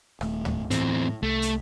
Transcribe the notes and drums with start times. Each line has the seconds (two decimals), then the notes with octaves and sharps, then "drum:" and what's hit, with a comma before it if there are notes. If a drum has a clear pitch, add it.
0.21 D#1 A3, drum: rim click
0.45 drum: tom
0.71 E2 A2 C4, drum: hi-hat
1.23 C2 A3
1.42 drum: hi-hat